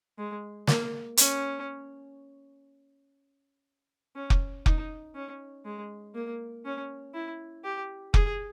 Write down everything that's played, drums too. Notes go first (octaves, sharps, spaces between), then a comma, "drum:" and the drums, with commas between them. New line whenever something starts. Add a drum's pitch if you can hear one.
G#3
A#3, drum: snare
C#4, drum: hi-hat
C#4
drum: kick F1
D#4, drum: kick F1
C#4
G#3
A#3
C#4
E4
G4
G#4, drum: kick F1